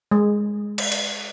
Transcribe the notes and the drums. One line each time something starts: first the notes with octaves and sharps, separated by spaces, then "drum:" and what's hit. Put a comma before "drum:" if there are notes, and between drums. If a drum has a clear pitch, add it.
G#3
drum: cymbal
drum: cymbal